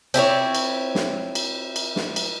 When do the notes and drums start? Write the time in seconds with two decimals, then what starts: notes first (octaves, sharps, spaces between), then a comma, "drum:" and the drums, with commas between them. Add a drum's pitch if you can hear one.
0.14 C4 E4 G#4 C#5, drum: cymbal
0.55 drum: cymbal
0.95 drum: snare
1.35 drum: cymbal
1.76 drum: cymbal
1.96 drum: snare
2.16 drum: cymbal